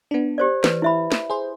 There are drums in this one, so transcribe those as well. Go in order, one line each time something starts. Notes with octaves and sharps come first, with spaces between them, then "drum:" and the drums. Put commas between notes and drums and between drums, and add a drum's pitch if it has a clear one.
B3 D4
G4 C5 D5
E3 B4, drum: snare
E4 E5 B5
drum: snare
G#4 C5